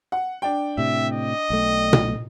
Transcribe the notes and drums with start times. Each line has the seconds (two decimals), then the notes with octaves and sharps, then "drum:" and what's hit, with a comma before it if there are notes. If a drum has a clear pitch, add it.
0.12 F#5
0.42 D4 G5
0.78 A2 C3 E5
1.13 D#5
1.50 B1 A3
1.93 drum: tom A#2